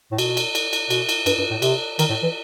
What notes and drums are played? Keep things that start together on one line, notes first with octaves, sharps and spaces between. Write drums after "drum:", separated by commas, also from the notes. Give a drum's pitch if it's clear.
A2
B2, drum: cymbal
drum: cymbal
drum: cymbal
drum: cymbal
B2, drum: cymbal
drum: cymbal
G2, drum: cymbal
G2
A2
C3, drum: cymbal
D#3, drum: cymbal
A2
E3